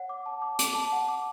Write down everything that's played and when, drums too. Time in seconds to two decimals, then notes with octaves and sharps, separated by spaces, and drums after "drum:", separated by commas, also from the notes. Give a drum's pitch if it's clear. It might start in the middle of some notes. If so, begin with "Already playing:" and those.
Already playing: C#5 F#5
0.09 D6
0.26 A5
0.42 D6
0.59 D6, drum: hi-hat
0.75 A5
0.92 F#5
1.08 D6